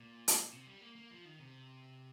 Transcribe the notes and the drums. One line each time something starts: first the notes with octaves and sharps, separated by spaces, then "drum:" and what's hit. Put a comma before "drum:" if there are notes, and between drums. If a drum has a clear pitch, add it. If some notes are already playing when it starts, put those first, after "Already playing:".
Already playing: A#2
drum: hi-hat
C3
G3
A#3
A#3
F3
D#3
C3